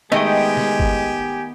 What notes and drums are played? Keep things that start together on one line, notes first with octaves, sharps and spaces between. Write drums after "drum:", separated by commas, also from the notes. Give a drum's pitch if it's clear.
D#3 G#3 A3 B3 G4 D#5 G5 G#5
drum: snare
drum: kick